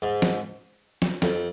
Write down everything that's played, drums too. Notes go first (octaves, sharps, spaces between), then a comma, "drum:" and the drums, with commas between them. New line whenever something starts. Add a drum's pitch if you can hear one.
G#2
drum: snare
drum: snare
F2, drum: snare